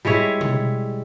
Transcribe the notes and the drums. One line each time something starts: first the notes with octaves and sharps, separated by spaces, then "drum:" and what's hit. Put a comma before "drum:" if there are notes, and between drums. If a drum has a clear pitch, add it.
G3 G#3 E4 C#5
drum: tom B2